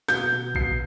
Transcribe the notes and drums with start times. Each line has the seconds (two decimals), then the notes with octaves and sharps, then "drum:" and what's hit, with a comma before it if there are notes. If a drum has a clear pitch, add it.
0.08 B2 G6, drum: snare
0.32 B2
0.55 B2 C7, drum: kick A#1